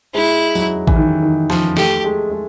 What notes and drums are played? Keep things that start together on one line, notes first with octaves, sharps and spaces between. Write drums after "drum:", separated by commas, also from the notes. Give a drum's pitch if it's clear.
G#3 E4
F#3, drum: tambourine
E3, drum: kick A1
D#3
D#3
F3, drum: snare
A3 G4, drum: snare
G#3
G#3